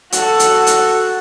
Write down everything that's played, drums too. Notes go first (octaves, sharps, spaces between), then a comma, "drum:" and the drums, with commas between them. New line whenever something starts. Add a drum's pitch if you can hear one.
F#4 A4, drum: hi-hat
drum: hi-hat
drum: hi-hat